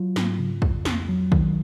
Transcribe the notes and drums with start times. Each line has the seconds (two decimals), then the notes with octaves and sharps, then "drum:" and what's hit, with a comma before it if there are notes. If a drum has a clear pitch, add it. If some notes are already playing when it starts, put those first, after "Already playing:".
Already playing: F#3 F4
0.16 G#2, drum: snare
0.39 C#3
0.62 F2, drum: kick
0.85 F2, drum: snare
1.08 F#3
1.32 D#3, drum: kick